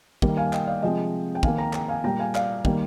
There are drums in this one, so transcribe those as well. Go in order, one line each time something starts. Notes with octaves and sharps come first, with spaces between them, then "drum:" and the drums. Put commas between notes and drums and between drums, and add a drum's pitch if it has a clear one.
D#3 G3 A#3, drum: kick
F5 G#5
G#5
D#5 G5, drum: clap
D5 F5
C3 F3 G#3 D#5 G5
G5
D#3 A#3 F5 G#5, drum: kick
G5 A#5
G5 A#5, drum: clap
F5 G#5
A#2 G3 A#3 G5 A#5
F5 G#5
D5 F5, drum: clap
D#3 G3 A#3, drum: kick